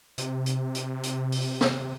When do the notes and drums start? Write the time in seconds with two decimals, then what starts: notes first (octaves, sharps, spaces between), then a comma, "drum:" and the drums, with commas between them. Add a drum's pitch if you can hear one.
0.18 C3, drum: hi-hat
0.46 drum: hi-hat
0.75 drum: hi-hat
1.03 drum: hi-hat
1.32 drum: open hi-hat
1.61 drum: snare